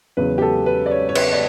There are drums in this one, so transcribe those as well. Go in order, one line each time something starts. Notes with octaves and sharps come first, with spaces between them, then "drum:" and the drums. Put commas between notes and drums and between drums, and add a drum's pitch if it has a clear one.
E2 C#3 F#3 B4
G4
A4
B4
D5
C#5
C#5
B4, drum: cymbal
D5